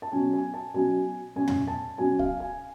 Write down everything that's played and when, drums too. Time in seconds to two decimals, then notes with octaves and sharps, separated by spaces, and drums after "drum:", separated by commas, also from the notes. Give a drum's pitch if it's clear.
0.02 A5
0.12 B2 F#3 C#4 G#5
0.33 G#5
0.54 A5
0.74 B2 F#3 C#4 G#5
1.36 B2 F#3 C#4 G#5
1.48 drum: tom
1.67 A5
1.98 B2 F#3 C#4 G#5
2.19 F5, drum: kick C2
2.40 G#5